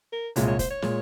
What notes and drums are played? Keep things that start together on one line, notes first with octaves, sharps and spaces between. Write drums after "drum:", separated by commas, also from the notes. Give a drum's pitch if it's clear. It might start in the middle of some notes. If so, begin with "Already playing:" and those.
A#4
C2 A#2 G#3 C#5, drum: hi-hat
C#5
C5, drum: kick F1, hi-hat
C#5
A#2 G#3, drum: snare